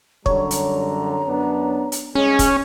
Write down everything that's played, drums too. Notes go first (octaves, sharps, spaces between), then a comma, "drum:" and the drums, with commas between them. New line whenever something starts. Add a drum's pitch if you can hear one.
F#2 D3 G3 C#5 A#5, drum: kick
drum: hi-hat
F#2 B3 D4
drum: hi-hat
C2 G#3 C#4 G#4 C#5
drum: kick, hi-hat